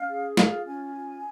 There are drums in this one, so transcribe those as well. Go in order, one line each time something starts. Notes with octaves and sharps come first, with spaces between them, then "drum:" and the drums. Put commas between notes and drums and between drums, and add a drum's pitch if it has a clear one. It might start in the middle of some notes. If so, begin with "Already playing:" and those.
Already playing: C#4 F5
G#4
F4 F5, drum: snare
C#4 G#5
F4